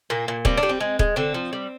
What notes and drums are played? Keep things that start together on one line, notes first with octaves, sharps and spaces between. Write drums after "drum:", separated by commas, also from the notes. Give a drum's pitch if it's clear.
A#2 A#3
A#2
G3 C4, drum: kick D#1
D4
G3
C4
G#3
G#3, drum: kick D#1
D3 C4
F3
G3